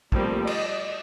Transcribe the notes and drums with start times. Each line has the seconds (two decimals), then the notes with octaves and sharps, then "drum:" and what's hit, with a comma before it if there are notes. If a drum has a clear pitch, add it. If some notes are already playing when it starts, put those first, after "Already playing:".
0.12 F3 G3 A3 A#3 C4, drum: kick
0.47 D5 D#5, drum: cymbal